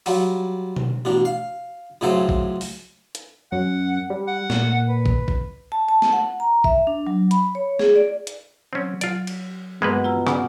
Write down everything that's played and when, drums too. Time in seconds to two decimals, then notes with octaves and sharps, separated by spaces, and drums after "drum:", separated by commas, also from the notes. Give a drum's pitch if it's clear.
0.06 F#3 G3 F4, drum: open hi-hat
0.76 drum: tom B2
1.05 A1 B2 D4
1.25 F5
2.01 C#2 A2 C#3 F#3 A4 C5
2.29 drum: kick
2.61 drum: open hi-hat
3.15 drum: hi-hat
3.52 F#2 F#5
4.10 G3
4.28 F#5
4.50 A#2, drum: snare
4.89 B4
5.06 drum: kick
5.28 drum: kick
5.72 A5
5.89 A5
6.02 drum: snare
6.13 F#5
6.40 A#5
6.64 E5, drum: kick
6.87 D4
7.07 F#3
7.31 B5, drum: hi-hat
7.55 C#5
7.79 G#4, drum: snare
7.96 D5
8.27 drum: hi-hat
8.73 F#3 C4 C#4
9.01 F#3 F4 D5, drum: hi-hat
9.27 drum: cymbal
9.82 G2 B2 G#3 A#3 B3 B4
10.04 F4 A#5 E6
10.27 C#3 D5 F#5 D6, drum: rim click